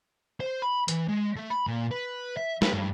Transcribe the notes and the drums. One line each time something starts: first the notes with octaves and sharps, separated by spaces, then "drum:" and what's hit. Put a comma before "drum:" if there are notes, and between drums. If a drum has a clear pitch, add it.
C5
B5
E3, drum: hi-hat
G#3
A3
B5
A#2
B4
E5
B4, drum: snare
G2